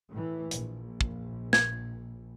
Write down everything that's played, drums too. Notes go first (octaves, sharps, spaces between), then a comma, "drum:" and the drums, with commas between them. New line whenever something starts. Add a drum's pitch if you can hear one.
A2 E3
A#1, drum: hi-hat
drum: kick
G#6, drum: snare